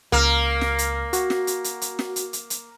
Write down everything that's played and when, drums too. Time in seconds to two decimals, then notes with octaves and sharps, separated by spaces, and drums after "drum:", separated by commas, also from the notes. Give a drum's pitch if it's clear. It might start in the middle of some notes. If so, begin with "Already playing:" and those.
0.12 C#2 A#3 F6
0.61 drum: snare
0.79 drum: hi-hat
1.13 F#4, drum: hi-hat
1.30 drum: snare
1.47 drum: hi-hat
1.64 drum: hi-hat
1.82 drum: hi-hat
1.99 drum: snare
2.16 drum: hi-hat
2.33 drum: hi-hat
2.50 drum: hi-hat